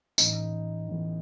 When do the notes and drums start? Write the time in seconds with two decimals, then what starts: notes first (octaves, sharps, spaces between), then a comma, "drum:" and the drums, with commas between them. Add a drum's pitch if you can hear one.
0.18 A1 A2 E3 D#4, drum: tambourine
0.88 A1 A2 E3